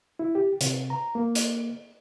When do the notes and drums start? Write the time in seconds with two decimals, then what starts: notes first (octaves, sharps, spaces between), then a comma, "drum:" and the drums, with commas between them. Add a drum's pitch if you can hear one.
0.19 E4
0.35 G4
0.61 C3, drum: hi-hat
0.90 A#5
1.15 A#3
1.35 drum: hi-hat